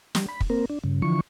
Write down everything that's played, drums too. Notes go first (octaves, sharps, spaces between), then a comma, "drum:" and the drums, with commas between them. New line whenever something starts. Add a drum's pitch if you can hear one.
G3, drum: snare
B5
drum: kick
A#3 C4 A#4
D4
G2 C#3
D3 E3 F3 C#6